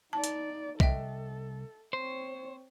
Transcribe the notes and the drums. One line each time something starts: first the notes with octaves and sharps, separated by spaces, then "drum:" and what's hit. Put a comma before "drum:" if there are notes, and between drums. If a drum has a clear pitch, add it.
D#4 D5 A5
drum: hi-hat
C2 A4 D#5 E5 G5, drum: kick B1
C4 C5 C#5